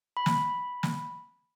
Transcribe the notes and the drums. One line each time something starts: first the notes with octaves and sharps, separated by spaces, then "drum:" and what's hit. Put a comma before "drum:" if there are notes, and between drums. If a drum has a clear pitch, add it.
B5
drum: snare
drum: snare